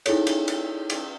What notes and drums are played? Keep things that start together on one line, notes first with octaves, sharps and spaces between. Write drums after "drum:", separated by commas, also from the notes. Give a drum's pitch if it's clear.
D#4 E4 G#4 A4 C#5, drum: cymbal
drum: cymbal
drum: cymbal
drum: cymbal